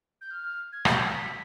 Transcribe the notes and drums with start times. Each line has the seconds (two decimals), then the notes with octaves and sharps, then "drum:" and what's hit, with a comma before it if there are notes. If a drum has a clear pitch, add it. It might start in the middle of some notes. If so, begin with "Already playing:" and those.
0.21 G6
0.31 F6
0.72 G#6
0.85 G6, drum: rim click
0.97 G#6
1.15 B6